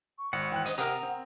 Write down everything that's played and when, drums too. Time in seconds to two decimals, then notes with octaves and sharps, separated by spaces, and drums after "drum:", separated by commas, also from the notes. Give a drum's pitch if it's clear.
0.18 C#6
0.33 G#1 F#5
0.52 E3 F#5 G5
0.66 C5 D#5, drum: hi-hat
0.78 C3 A#4 F#5 A#5 D#6, drum: hi-hat
1.03 C4